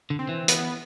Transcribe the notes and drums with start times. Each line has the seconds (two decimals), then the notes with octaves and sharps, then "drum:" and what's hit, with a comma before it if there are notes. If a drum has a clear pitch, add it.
0.10 D3
0.19 C4
0.29 E3
0.48 B3, drum: hi-hat